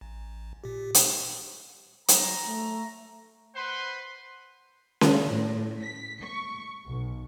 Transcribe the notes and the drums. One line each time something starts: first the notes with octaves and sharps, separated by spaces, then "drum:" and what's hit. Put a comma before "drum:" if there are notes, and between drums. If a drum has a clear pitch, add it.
A1
A#2 G4
drum: hi-hat
F#3 A#5, drum: hi-hat
A3
B4 C5 F#5 C6
drum: snare C#4
A2
B6
C#6
B1